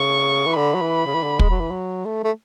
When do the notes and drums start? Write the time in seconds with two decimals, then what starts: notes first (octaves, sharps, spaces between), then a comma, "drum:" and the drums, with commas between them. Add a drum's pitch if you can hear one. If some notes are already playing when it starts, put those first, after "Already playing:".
Already playing: C#3 C#6
0.46 E3
0.57 D3 B5
0.74 F#3
0.82 E3
1.06 C#3
1.14 E3
1.23 D3
1.39 G#3, drum: kick
1.50 F#3
1.60 E3
1.71 F#3
2.05 A3
2.24 A3